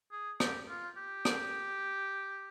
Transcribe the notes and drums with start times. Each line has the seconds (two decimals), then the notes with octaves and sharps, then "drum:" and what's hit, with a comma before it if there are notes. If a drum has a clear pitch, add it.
0.12 G#4
0.40 G4, drum: rim click
0.69 F4
0.97 G4
1.25 drum: rim click